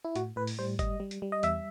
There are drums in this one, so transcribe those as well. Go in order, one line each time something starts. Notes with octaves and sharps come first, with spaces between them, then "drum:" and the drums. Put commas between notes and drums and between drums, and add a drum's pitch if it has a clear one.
E4
A2 F#4, drum: hi-hat
A2 B4
drum: open hi-hat
G3 C5
G3 D#5, drum: kick G1, hi-hat
G3
drum: hi-hat
G3
D#5
E2 E5, drum: hi-hat